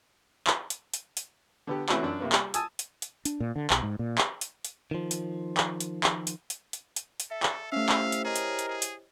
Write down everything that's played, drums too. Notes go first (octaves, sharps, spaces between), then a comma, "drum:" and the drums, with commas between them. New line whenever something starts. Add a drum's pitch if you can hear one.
drum: clap
drum: hi-hat
drum: hi-hat
drum: hi-hat
D3 B3 G4
E3 A3 C4 C#4 F#4, drum: clap
F#2 D4
C3 A#3 B3
G3, drum: clap
G#5 A5 D#6 E6, drum: hi-hat
drum: hi-hat
drum: hi-hat
D4, drum: hi-hat
A#2
D3
B1, drum: clap
G#2
A#2
drum: clap
drum: hi-hat
drum: hi-hat
D#3 F3
drum: hi-hat
drum: clap
drum: hi-hat
drum: clap
drum: hi-hat
drum: hi-hat
drum: hi-hat
drum: hi-hat
drum: hi-hat
A4 E5
drum: clap
A3 C#4 E4 G4 C5 E5 F5
drum: clap
drum: hi-hat
G#4 A#4 C#5 D#5
drum: hi-hat
drum: hi-hat
G#4
drum: hi-hat